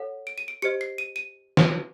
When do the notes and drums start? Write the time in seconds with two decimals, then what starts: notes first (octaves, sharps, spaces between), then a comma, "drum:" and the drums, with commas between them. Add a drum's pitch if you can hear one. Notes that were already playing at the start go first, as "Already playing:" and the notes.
Already playing: A4 C#5 F#5
0.27 D7
0.38 D#7
0.48 D7
0.62 G4 C5 D#5 C#7
0.81 C7
0.98 D#7
1.16 D#7
1.57 drum: snare